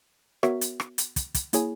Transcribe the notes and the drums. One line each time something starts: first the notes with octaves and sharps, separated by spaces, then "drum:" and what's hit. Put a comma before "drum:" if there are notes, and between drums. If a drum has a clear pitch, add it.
B3 F#4 A#4 C#5 E5, drum: rim click
drum: hi-hat
drum: rim click
drum: hi-hat
drum: kick, hi-hat
drum: kick, hi-hat
A#3 E4 G#4 C#5 G#5, drum: hi-hat